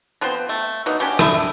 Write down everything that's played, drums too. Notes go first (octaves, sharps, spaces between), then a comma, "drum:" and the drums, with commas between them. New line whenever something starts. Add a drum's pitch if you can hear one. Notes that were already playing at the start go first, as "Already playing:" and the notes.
F3 B3 C4 C5
A3
B2 F#3 A#3 D#4
C#4 D4 F#4 G4
A3 D4 E4 E5, drum: rim click